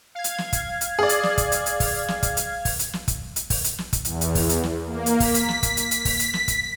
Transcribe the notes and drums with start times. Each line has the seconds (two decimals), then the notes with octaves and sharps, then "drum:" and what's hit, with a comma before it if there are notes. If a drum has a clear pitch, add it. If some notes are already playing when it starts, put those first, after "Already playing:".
0.15 F5 G#6
0.24 drum: hi-hat
0.38 drum: snare
0.53 drum: kick, hi-hat
0.81 drum: hi-hat
0.99 G#4 D5
1.09 drum: hi-hat
1.23 drum: snare
1.38 drum: kick, hi-hat
1.52 drum: hi-hat
1.66 drum: hi-hat
1.80 drum: kick, open hi-hat
2.08 drum: snare
2.23 drum: kick, hi-hat
2.37 drum: hi-hat
2.65 drum: kick, open hi-hat
2.79 drum: hi-hat
2.93 drum: snare
3.08 drum: kick, hi-hat
3.36 drum: hi-hat
3.50 drum: kick, open hi-hat
3.64 drum: hi-hat
3.78 drum: snare
3.93 drum: kick, hi-hat
4.05 E2, drum: hi-hat
4.21 drum: hi-hat
4.35 drum: kick, open hi-hat
4.49 drum: hi-hat
4.63 drum: snare
4.86 A#3
5.06 drum: hi-hat
5.20 B6, drum: kick, open hi-hat
5.34 drum: hi-hat
5.49 drum: snare
5.63 drum: kick, hi-hat
5.77 drum: hi-hat
5.91 drum: hi-hat
6.05 drum: kick, open hi-hat
6.19 drum: hi-hat
6.34 drum: snare
6.48 drum: kick, hi-hat